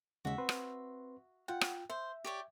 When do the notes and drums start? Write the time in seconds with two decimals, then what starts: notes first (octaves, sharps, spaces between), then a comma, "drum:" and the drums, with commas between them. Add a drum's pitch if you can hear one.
0.25 D#2 C#3 G#3 F#4 E5
0.38 C4 B4 C6
0.49 drum: rim click
1.48 F4 F#5 G5
1.61 drum: rim click
1.90 C5 E5
2.24 G4 C#5 D5